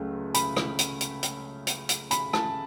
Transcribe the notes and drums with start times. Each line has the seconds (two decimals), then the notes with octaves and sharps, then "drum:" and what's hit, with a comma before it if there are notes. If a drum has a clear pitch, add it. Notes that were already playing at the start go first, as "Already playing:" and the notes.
Already playing: C#2 C#3 F#3 A3
0.34 B5, drum: hi-hat
0.57 drum: rim click
0.79 drum: hi-hat
1.01 drum: hi-hat
1.23 drum: hi-hat
1.67 drum: hi-hat
1.89 drum: hi-hat
2.11 B5, drum: hi-hat
2.33 A5, drum: rim click